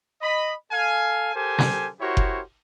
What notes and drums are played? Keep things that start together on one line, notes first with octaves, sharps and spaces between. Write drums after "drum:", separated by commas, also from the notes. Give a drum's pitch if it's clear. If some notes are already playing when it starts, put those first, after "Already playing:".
D#5 B5
A4 F5 G#5
G4 A4 A#4 C5 G#5
drum: snare
E4 F#4 G4 A#4 C5 C#5
drum: kick F#1